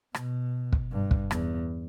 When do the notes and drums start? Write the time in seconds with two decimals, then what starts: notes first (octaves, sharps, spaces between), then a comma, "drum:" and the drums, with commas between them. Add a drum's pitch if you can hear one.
0.14 B2, drum: rim click
0.73 drum: kick
0.92 G2
1.11 drum: kick
1.31 E2, drum: rim click